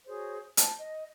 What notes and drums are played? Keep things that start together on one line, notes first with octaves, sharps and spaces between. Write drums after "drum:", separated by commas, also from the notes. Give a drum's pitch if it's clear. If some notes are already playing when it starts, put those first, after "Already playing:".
F#4 G#4 C5 C#5
C5 A5, drum: hi-hat
D#5